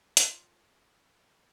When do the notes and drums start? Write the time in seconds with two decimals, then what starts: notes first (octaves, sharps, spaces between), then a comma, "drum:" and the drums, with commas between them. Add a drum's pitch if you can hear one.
0.17 F4 A4 C#5, drum: hi-hat